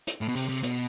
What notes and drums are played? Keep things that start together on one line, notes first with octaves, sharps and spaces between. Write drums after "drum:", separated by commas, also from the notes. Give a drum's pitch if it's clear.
drum: hi-hat
A2
B2
C3, drum: open hi-hat
C3
B2, drum: hi-hat